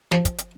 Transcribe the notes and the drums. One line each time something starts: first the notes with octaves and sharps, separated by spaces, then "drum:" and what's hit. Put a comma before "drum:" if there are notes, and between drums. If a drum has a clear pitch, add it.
F3, drum: snare
drum: kick, hi-hat
drum: hi-hat